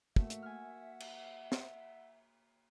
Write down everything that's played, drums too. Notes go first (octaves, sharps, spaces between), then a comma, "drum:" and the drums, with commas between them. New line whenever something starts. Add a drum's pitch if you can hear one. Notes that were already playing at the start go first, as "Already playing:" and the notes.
A3 A#3 F#4 E5 F#5, drum: kick
drum: hi-hat
G#5 F6
drum: cymbal
drum: snare